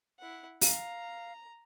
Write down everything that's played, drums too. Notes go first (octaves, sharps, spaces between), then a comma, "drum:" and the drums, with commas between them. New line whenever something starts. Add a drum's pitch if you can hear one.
E4 F#5
F5 A#5, drum: open hi-hat